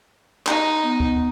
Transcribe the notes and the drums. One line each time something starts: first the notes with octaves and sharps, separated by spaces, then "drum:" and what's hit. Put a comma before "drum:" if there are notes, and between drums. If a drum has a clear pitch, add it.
D#4, drum: clap
B3
drum: kick